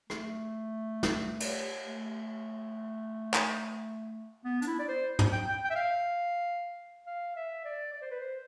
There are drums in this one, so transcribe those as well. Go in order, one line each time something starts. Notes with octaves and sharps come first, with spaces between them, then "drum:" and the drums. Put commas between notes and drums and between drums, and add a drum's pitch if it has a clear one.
A3, drum: rim click
drum: snare
drum: cymbal
A3
drum: clap
B3
D4, drum: hi-hat
E4
D5
C5
drum: tom
G5
G5
G5
E5
F5
F5
E5
D5
D5
C5
B4
C5